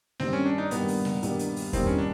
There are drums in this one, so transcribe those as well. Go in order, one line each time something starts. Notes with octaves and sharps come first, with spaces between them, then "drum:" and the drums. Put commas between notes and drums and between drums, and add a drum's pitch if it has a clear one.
G2 D#3 G3 A#3 C4, drum: snare G#3
C#4
D4
D#4
G2 D#3 G3 A#3 B3, drum: hi-hat
drum: open hi-hat
drum: snare G#3
G2 D#3 G3 A#3, drum: hi-hat
drum: hi-hat
drum: open hi-hat
G2 D#3 G3 A#3 C4, drum: kick E2, hi-hat
C#4
D4